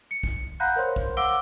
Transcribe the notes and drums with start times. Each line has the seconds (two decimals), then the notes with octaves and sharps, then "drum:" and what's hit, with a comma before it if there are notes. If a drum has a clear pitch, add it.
0.11 C#7
0.23 drum: kick
0.60 F5 F#5 A#5 B5 F#6 G6
0.76 A#4 C5 C#5 C6
0.96 drum: kick
1.17 F5 F#5 D6 E6 D7 G7